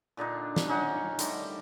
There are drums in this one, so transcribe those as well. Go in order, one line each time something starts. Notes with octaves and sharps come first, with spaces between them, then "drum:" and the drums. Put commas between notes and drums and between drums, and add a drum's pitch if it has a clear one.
A#2 D3 D4 D#4
drum: snare
G3 C#4 D#4 F#5
D3 D#3 G3 A3, drum: hi-hat